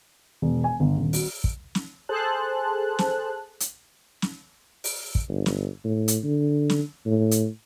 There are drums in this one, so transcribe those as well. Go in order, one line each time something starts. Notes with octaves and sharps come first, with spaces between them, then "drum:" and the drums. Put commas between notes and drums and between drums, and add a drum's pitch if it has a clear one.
E1
G#5
G1
D#1
F#4, drum: open hi-hat
drum: kick
drum: snare
G#4 A4 C5 A5 F#6
drum: snare
drum: hi-hat
drum: snare
drum: open hi-hat
drum: kick
G1
drum: snare
A2
drum: hi-hat
D3
drum: snare
A2
drum: hi-hat